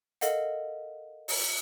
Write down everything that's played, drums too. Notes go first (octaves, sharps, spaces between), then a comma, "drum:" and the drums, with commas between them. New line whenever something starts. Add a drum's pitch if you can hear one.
A4 A#4 D#5 F5 F#5, drum: hi-hat
drum: open hi-hat